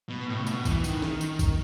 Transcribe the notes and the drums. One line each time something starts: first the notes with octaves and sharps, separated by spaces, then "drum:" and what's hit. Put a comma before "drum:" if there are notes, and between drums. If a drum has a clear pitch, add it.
B2
A2
C#3
B2, drum: tambourine
E3, drum: kick, tambourine
D#3, drum: tambourine
drum: snare
drum: tambourine
drum: kick, tambourine